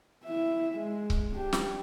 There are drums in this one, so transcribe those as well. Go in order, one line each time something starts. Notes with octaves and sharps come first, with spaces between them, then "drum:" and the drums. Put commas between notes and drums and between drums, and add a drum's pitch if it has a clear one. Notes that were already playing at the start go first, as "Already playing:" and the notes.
E4 E5
G#3
drum: kick C#1
D4 G4
drum: snare